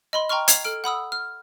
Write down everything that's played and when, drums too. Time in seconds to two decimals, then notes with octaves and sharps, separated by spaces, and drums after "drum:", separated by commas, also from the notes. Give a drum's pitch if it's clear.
0.13 D#5 B5 C6
0.29 G5 A#5 C6 C#6 F6
0.48 G#6 C7 F7, drum: hi-hat
0.65 A4 F6 D7
0.84 F#5 B5 D#6 E6
1.12 F6